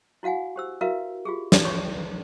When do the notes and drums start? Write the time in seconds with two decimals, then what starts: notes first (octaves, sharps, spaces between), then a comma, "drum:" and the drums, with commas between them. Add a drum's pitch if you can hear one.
0.23 E4 F#4 F5 F#5 G#5
0.56 G4 C5 E6
0.81 E4 F#4 A#4 B4 E5 F5
1.25 F4 G4 G#4
1.52 drum: snare
1.65 G#4 C#5 C6 C#6